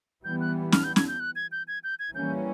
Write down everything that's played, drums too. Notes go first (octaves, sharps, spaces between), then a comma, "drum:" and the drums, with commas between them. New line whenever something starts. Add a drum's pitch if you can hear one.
E3 G3 B3 G6
F#6
F6, drum: snare C#4
G6
G#6, drum: snare C#4
G6
F#6
G#6
G6
G#6
G6
G#6
E3 G3 A#3 C#4 G6